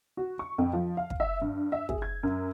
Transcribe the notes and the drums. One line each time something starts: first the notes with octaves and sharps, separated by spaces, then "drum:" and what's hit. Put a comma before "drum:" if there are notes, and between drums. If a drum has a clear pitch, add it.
F#4
C#6
F2
F3
F5
drum: kick
E5
G2
E5
G#4, drum: kick
G#6
F#2